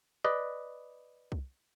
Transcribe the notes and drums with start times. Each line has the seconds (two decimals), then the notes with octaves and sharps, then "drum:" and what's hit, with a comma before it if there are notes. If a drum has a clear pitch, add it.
0.24 B4 D5 D#5, drum: rim click
1.32 drum: kick C2